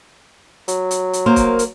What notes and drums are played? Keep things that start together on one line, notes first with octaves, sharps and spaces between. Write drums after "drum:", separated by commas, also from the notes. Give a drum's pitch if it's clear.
F#3, drum: hi-hat
drum: hi-hat
drum: hi-hat
A#3 A#4 C5
drum: kick, hi-hat
drum: hi-hat